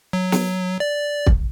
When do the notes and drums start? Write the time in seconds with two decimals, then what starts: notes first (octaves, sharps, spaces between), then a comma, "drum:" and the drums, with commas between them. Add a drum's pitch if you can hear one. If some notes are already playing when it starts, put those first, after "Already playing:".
0.13 F#3
0.32 drum: snare
0.80 D5
1.26 drum: kick